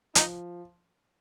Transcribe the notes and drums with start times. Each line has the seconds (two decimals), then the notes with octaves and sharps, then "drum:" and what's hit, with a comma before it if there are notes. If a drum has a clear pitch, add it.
0.15 F3 D#4, drum: hi-hat